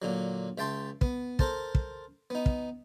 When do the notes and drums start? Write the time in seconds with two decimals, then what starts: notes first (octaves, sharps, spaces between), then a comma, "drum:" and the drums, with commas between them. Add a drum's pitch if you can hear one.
0.02 A#2 D3 F#3
0.58 C#2 E5 G5 A5 C6
1.01 B3, drum: kick
1.39 A4 A#4 C5 A5, drum: kick
1.75 drum: kick
2.30 B3 D#4
2.46 drum: kick